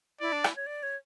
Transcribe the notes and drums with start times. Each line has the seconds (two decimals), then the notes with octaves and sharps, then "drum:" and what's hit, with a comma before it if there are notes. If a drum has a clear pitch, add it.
0.21 E4 D5
0.32 D4
0.44 E4, drum: rim click
0.56 C#5
0.67 D5
0.83 C#5